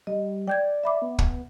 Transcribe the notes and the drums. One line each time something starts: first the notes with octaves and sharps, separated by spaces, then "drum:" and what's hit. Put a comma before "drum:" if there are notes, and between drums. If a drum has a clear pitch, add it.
G3 D#5
D5 G5 G6 G#6
E5 B5 D6
B3
drum: kick